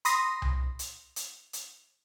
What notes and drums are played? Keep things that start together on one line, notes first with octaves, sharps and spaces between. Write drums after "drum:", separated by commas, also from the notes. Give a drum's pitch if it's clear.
B5 C6 D#6 A#6, drum: hi-hat
drum: tom C2
drum: hi-hat
drum: hi-hat
drum: hi-hat